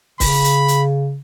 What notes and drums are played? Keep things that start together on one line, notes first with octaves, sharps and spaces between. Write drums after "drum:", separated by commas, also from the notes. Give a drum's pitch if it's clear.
C#3 B5, drum: kick C#1, open hi-hat
drum: hi-hat
drum: hi-hat